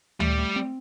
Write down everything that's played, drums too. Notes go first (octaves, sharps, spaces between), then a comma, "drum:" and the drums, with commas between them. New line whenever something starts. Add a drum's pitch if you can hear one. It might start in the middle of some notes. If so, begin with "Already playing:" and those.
G3 A3, drum: tom D2
A3
C4